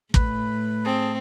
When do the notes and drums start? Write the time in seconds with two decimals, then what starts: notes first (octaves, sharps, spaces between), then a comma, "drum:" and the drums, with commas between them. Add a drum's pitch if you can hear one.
0.14 A2 B4 B5, drum: kick
0.85 C4 G#4 A5